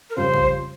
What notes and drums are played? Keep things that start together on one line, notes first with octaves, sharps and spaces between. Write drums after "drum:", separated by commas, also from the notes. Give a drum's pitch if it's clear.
A#4
F2 C#3 G3 C#4 F4 C5
drum: kick